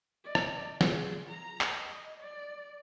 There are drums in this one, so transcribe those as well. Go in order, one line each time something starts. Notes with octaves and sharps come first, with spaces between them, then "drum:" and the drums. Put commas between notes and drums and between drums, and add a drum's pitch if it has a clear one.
D5 D#5
drum: rim click
F4 G#4, drum: snare
A#5
drum: clap
D#5
D5